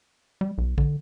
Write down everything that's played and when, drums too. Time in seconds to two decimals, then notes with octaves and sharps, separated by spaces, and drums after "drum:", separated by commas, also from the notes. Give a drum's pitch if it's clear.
0.41 G3
0.58 B1
0.78 D3, drum: kick